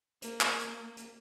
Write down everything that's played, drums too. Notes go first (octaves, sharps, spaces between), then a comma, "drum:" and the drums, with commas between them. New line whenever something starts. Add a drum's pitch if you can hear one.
A#3, drum: hi-hat
drum: clap
drum: hi-hat
drum: hi-hat